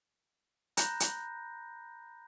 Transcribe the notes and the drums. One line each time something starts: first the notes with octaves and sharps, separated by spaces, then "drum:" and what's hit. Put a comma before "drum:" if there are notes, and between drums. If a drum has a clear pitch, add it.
A#5 B5 F#6 G6 A#6, drum: hi-hat
drum: hi-hat